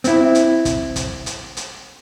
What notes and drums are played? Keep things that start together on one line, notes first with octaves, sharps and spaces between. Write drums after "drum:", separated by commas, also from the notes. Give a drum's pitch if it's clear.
C4 E4, drum: hi-hat
drum: hi-hat
drum: kick, hi-hat
drum: kick, hi-hat
drum: hi-hat
drum: hi-hat